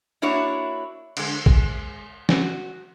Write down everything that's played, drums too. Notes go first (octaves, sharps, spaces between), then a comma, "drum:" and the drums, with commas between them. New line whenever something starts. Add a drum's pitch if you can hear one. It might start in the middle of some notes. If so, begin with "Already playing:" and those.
A#3 D4 E4 F#4 C#5
D3 G#3, drum: cymbal
G#3, drum: kick
F#4, drum: snare